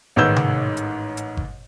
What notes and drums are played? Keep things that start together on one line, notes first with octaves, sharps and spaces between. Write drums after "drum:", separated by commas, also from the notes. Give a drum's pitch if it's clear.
A1 G#2 D#3 B4 E6 G6
drum: tom C3
drum: hi-hat
drum: hi-hat
drum: kick G1